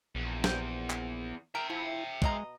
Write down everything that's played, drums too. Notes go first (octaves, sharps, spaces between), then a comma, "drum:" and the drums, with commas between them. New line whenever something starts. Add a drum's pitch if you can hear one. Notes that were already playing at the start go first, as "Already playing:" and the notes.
A#1 E2
C3 G3 C5, drum: snare
drum: clap
A#4 E5 G5
F3 E4
B2 G#3 D#5 A#5, drum: kick